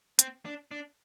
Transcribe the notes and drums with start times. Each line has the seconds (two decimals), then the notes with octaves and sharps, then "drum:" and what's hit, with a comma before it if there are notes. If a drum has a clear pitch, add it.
0.19 C4, drum: hi-hat
0.45 D4
0.71 D4